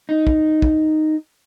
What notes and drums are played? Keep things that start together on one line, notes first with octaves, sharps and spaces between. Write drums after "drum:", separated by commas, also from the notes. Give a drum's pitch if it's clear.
D#4
drum: kick
drum: kick